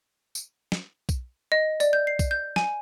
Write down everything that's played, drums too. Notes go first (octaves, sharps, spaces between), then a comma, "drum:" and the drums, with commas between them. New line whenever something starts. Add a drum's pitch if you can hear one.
drum: tambourine
drum: snare
drum: kick B1, tambourine
D#5
D5, drum: tambourine
G6
C7
drum: kick B1, tambourine
G6
G#5, drum: snare